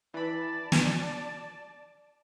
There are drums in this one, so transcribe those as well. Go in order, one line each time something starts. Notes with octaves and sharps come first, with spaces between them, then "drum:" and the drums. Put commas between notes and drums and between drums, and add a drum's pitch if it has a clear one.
E3 D5 A5 B5
drum: snare